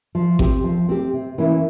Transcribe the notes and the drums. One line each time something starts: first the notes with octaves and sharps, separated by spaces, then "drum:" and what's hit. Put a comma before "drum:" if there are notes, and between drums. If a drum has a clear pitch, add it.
F3
C4 G4, drum: kick G#1
F3
C4 G4
C3
E3 A#3 C#4 E4